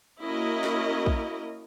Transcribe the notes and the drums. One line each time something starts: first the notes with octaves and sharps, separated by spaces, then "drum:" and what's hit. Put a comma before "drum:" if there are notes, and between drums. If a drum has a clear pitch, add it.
A#3 C#4 E4 F#4 A#4 D#5
drum: snare
drum: kick A#1